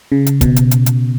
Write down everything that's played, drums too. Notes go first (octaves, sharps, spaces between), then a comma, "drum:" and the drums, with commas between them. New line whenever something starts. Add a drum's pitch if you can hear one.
C#3
drum: hi-hat
B2, drum: kick, hi-hat
drum: hi-hat
drum: hi-hat
drum: hi-hat